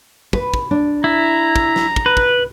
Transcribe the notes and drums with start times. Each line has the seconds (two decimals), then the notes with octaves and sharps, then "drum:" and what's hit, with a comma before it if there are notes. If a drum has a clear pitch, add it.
0.33 B4, drum: kick
0.54 drum: kick
0.71 D4
1.04 E4 A#5
1.56 drum: kick
1.76 drum: snare
1.96 drum: kick
2.06 B4
2.17 drum: kick